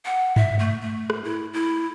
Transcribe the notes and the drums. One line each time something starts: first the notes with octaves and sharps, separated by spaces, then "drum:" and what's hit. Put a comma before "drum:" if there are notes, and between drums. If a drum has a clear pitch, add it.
F#5
E5, drum: tom G2
A3
A3
drum: rim click
E4
E4